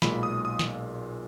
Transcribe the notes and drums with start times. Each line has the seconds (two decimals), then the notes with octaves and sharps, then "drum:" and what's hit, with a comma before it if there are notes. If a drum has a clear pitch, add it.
0.02 B1 A#2 G#3 B5, drum: snare
0.23 D#6
0.45 D#6
0.59 drum: snare